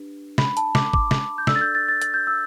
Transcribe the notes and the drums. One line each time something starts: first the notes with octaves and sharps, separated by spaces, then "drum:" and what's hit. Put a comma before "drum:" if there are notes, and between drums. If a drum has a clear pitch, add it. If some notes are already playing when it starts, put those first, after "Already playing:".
Already playing: D4 G4 B4
B5, drum: snare
A5, drum: hi-hat
D6, drum: snare
D6, drum: kick
drum: snare
G6
D4 A4 D5 E6, drum: snare
A6
G6
A6
A6
A6, drum: hi-hat
G6
E6